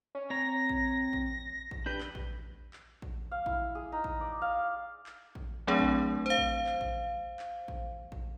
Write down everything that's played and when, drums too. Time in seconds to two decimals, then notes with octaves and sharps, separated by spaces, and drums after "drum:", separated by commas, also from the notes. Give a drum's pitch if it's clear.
0.15 C#4
0.30 C4 C#5 A#5 A#6
0.69 drum: kick A1
1.13 drum: kick A1
1.71 drum: kick A1
1.86 D4 G4 B4 G6
2.00 drum: clap
2.15 drum: kick A1
2.73 drum: clap
3.02 drum: kick A1
3.31 F5
3.46 E4, drum: kick A1
3.75 G#4
3.92 D#4
4.04 drum: kick A1
4.21 D5
4.42 F5
5.06 drum: clap
5.35 drum: kick A1
5.67 F#3 A3 C4 D4 G#4
5.79 drum: kick A1
6.26 C5 F5
6.37 drum: kick A1
6.66 drum: clap
6.81 drum: kick A1
7.39 drum: clap
7.68 drum: kick A1
8.12 drum: kick A1